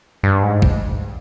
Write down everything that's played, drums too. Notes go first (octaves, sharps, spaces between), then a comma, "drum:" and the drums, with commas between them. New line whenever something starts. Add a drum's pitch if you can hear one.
G2
G#2
drum: kick